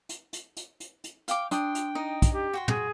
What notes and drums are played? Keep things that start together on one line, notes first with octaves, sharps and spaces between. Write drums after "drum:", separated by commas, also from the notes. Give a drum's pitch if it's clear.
drum: hi-hat
drum: hi-hat
drum: hi-hat
drum: hi-hat
drum: hi-hat
F5 G5 D6, drum: hi-hat
D4 G5 C6 D#6, drum: hi-hat
drum: hi-hat
D#4 D#5
drum: kick, hi-hat
G4
F#4 G5 C6
G#4, drum: tom